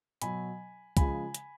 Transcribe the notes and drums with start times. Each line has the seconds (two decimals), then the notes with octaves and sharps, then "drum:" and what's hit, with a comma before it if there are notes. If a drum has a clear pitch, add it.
0.22 B2 F#3 G#5 B5, drum: hi-hat
0.97 C#3 F3 G#3 G#5 B5, drum: kick C2, hi-hat
1.35 drum: hi-hat